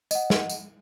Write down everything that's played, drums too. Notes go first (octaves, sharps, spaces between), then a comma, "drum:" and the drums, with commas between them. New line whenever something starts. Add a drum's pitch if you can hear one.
D#5 F#5, drum: tambourine
drum: snare
drum: tambourine